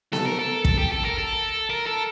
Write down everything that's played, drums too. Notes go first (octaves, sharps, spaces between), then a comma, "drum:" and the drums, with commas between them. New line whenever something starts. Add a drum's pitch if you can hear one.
A4, drum: snare B3
A#4
A4
A4, drum: kick
G4
A4
A#4
A4
A#4
A4